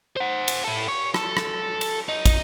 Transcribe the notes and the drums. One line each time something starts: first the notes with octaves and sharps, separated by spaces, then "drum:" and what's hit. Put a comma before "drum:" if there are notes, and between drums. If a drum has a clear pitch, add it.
C5 F#5
drum: cymbal
E4 A4
C#5
A4, drum: rim click
drum: rim click
drum: cymbal
D#4
drum: kick, cymbal